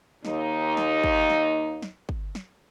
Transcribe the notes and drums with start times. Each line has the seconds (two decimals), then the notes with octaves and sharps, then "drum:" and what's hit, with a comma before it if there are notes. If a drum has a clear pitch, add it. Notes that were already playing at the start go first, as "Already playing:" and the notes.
0.25 D#2 D#4, drum: snare
0.77 drum: snare
1.04 drum: kick
1.30 drum: snare
1.82 drum: snare
2.09 drum: kick
2.35 drum: snare